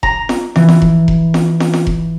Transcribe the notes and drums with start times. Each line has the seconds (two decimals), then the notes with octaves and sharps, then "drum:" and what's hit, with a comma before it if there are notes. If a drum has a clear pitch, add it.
0.03 A#5, drum: kick F1
0.29 drum: snare
0.56 E3, drum: snare
0.68 drum: snare
0.82 drum: kick F1
1.08 drum: kick F1
1.34 drum: snare
1.60 drum: snare
1.73 drum: snare
1.87 drum: kick F1